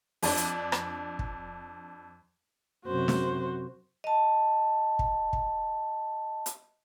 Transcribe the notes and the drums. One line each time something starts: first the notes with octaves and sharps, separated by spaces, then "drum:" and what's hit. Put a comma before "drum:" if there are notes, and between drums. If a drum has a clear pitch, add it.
F2 D4, drum: open hi-hat
drum: hi-hat
drum: rim click
drum: kick
F#2 C3 F#4 C5
drum: snare
D#5 A5
drum: kick
drum: kick
drum: hi-hat